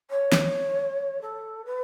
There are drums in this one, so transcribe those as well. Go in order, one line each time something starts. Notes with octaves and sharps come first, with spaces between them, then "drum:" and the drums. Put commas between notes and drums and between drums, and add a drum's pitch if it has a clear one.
C#5
drum: snare
A4
B4